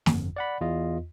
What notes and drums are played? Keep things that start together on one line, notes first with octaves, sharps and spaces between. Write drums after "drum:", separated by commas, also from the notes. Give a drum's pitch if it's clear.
G1 F2, drum: snare
D5 F#5 B5
E2 F4 D#5